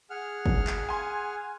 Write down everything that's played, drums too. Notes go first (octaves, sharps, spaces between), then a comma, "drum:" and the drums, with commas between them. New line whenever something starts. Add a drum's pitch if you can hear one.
G#4 F#5 F6
drum: kick
drum: clap
G#5 C6